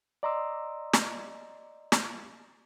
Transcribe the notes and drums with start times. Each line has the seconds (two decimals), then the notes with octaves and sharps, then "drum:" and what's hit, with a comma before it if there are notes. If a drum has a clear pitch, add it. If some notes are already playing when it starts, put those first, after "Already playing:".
0.23 D5 D#5 A#5 C6 D6 E6
0.94 drum: snare
1.92 drum: snare